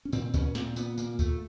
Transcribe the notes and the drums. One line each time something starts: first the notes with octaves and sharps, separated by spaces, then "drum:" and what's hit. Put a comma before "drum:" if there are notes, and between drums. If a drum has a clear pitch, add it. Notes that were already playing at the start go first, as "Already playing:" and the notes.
C#4
A#2 C4, drum: tambourine
A#2 C#4, drum: kick D2, tambourine
A#2 C4, drum: snare
A#2 B3, drum: tambourine
A#2 A#3, drum: tambourine
A#2 A3, drum: kick D2, tambourine